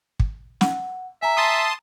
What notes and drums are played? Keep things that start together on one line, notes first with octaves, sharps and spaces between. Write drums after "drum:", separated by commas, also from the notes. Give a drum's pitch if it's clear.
drum: kick
F#5, drum: snare
E5 G#5 A#5
A5 C6 D#6